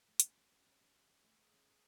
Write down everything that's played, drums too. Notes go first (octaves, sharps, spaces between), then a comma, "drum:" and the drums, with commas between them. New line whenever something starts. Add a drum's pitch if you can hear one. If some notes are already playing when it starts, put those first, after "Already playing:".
A3
C#4 F#4, drum: hi-hat
F4
C#4 F#4
C#4 G4
C#4
C#4
C#4
C#4
A3
A3 G#4
C#4
A#4